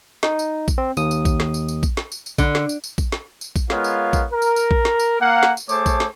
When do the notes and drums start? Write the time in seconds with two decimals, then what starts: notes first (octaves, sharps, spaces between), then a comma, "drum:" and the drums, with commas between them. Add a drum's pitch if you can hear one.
0.23 D#4, drum: snare
0.39 drum: tambourine
0.68 drum: kick A#1, tambourine
0.78 C4
0.97 D#2 D#6, drum: tambourine
1.11 drum: tambourine
1.25 drum: kick A#1, tambourine
1.40 drum: snare
1.54 drum: tambourine
1.69 drum: tambourine
1.83 drum: kick A#1, tambourine
1.97 drum: snare
2.12 drum: tambourine
2.26 drum: tambourine
2.38 D3, drum: kick A#1, tambourine
2.55 drum: snare
2.69 drum: tambourine
2.84 drum: tambourine
2.98 drum: kick A#1, tambourine
3.12 drum: snare
3.41 drum: tambourine
3.56 drum: kick A#1, tambourine
3.70 G#3 B3 F4 A#4 C#5 F5, drum: snare
3.84 drum: tambourine
4.13 drum: kick A#1, tambourine
4.32 A#4
4.42 drum: tambourine
4.56 drum: tambourine
4.71 drum: kick A#1
4.85 drum: snare
4.99 drum: tambourine
5.20 A#3 F5 F#5
5.43 drum: snare
5.57 drum: tambourine
5.69 A3 G#4 C5 C#5 A5 D6, drum: tambourine
5.86 drum: kick A#1, tambourine
6.00 drum: snare